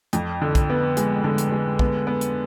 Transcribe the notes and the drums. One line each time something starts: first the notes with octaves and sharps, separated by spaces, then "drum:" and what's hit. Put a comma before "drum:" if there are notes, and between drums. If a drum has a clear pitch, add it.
F2, drum: hi-hat
D3
drum: kick, hi-hat
B3
G#3, drum: hi-hat
D3
drum: hi-hat
G#3
B3, drum: kick
B3
drum: hi-hat